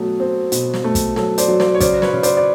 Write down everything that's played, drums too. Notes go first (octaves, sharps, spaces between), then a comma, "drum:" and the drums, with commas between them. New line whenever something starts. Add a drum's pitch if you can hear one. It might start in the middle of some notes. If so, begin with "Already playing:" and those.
Already playing: B2 F#3 A3
C4
B2, drum: hi-hat
drum: snare
A3
drum: kick, hi-hat
F#3 A4, drum: snare
C5 D5, drum: hi-hat
F#3
C5 D5, drum: snare
C#5
C#3 C5 D5, drum: kick, hi-hat
B4 C#5, drum: snare
C#3
C5 D5, drum: hi-hat
D5